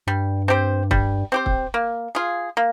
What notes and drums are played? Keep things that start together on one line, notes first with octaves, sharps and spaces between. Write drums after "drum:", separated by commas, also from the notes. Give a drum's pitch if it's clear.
G2 G3
C4 G4 C5
G3, drum: kick
C4 G4 C5
drum: kick
A#3
F4 G#4
A#3